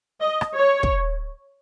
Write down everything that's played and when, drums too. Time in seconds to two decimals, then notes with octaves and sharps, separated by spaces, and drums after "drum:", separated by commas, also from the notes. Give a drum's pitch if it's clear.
0.21 D#5
0.41 drum: rim click
0.54 C#5
0.83 drum: kick